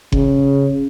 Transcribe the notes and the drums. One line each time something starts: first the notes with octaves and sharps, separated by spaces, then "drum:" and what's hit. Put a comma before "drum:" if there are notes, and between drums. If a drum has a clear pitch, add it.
C#3, drum: kick F#1